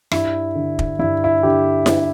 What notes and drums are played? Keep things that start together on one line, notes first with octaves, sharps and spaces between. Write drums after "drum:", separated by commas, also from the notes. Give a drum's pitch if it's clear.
G2 E4, drum: rim click
D3
drum: kick
G2 E4
E4
D3 G4
G2, drum: snare E4